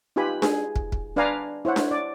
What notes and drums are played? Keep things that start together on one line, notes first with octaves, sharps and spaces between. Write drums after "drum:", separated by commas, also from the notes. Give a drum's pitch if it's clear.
D#4 F4 G4 B4 G#5 B5
G#4, drum: snare D4
drum: kick
drum: kick
D4 B4 D5 F5 G#5 A#5
E4 C5 C#5 F#5
drum: snare D4
D5